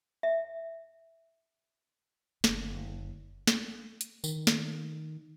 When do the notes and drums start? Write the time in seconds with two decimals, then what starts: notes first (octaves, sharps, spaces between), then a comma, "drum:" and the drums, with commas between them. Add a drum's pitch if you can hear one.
0.23 E5
2.44 F#1 D3, drum: snare
3.47 drum: snare
4.01 drum: hi-hat
4.24 D#3, drum: tambourine
4.47 drum: snare